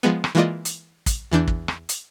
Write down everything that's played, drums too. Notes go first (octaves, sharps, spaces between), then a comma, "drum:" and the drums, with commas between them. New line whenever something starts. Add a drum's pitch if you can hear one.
F3 G#3 B3
drum: rim click
E3 G#3 A#3 F4 D5 D#5
drum: hi-hat
drum: kick, hi-hat
E2 E3 D4 G6
drum: kick
drum: rim click
drum: hi-hat